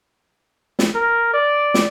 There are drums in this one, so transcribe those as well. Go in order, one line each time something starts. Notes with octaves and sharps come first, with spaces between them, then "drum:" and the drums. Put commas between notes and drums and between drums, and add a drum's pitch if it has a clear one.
drum: snare
A#4
D5
drum: snare